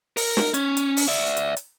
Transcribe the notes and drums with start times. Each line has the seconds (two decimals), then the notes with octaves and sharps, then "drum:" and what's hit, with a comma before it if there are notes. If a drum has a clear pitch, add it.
0.17 A#4, drum: open hi-hat
0.37 drum: snare
0.54 C#4, drum: hi-hat
0.77 drum: hi-hat
0.97 drum: open hi-hat
1.08 D5 E5
1.37 drum: hi-hat
1.57 drum: hi-hat